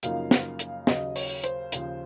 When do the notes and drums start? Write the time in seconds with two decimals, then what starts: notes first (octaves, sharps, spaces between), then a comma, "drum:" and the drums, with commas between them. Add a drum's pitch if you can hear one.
0.03 F#2 C#3 F3 A#3 D#4 F5, drum: hi-hat
0.31 drum: snare
0.59 drum: hi-hat
0.87 D#2 C#3 F#3 D#5, drum: snare
1.16 C#5, drum: open hi-hat
1.44 C5, drum: hi-hat
1.72 D#2 C#3 F3, drum: hi-hat